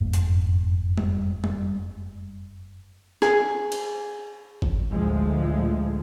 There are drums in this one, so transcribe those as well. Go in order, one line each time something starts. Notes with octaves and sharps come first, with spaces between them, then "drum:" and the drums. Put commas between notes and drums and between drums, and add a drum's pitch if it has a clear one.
F#1 F2 G#2 A3
drum: hi-hat
drum: tom G3
drum: tom G3
G#4, drum: snare
drum: cymbal
drum: kick
D2 A2 F3 G#3